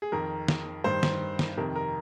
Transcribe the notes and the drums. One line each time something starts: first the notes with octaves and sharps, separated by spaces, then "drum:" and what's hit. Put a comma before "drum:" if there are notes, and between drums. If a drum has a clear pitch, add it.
G#4
F2 D#3 A#4
drum: snare
G2 D#3 C5
drum: snare
drum: snare
F2 C3 D#3 A#4
A#4